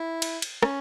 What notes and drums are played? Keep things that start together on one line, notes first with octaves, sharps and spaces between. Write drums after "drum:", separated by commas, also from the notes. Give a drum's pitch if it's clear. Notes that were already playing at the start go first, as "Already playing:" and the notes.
Already playing: E4
drum: cymbal
drum: cymbal
C#4, drum: rim click